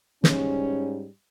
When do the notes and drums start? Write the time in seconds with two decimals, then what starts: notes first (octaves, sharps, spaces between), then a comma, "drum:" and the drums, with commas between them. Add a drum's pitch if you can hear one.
0.24 G#2 G3 C#4, drum: snare